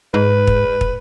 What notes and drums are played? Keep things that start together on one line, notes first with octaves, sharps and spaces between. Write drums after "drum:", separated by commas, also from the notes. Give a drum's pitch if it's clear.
G#2 B4
drum: kick
drum: kick